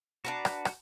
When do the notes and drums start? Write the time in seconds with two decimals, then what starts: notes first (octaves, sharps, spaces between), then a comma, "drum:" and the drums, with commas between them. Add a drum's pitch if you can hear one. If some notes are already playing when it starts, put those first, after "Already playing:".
0.25 D4 F#4 B4 A#5
0.45 drum: rim click
0.65 drum: rim click